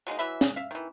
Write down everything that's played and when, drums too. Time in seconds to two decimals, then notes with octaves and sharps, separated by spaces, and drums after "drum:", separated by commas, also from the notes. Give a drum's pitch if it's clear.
0.07 F#3 G#3 A#3 D#4
0.19 E3 F#3 E5 B5
0.41 G#4, drum: snare
0.56 E5 F5
0.71 D#3 E3